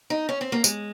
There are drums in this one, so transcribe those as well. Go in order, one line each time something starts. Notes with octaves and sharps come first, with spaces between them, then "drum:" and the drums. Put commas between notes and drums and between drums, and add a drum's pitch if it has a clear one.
D#4
C#4
C4
A#3
G#3, drum: tambourine